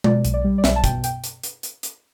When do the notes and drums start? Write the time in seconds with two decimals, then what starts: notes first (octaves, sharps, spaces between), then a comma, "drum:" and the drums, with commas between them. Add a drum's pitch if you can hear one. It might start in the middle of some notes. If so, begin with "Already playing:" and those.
0.04 B2 D5, drum: tom G#3
0.25 B1, drum: hi-hat
0.34 D5
0.44 G3
0.58 D5
0.64 B1 E5, drum: snare
0.76 A5
0.84 B2 G5, drum: kick, hi-hat
1.04 G5, drum: hi-hat
1.24 drum: hi-hat
1.43 drum: hi-hat
1.63 drum: hi-hat
1.83 drum: hi-hat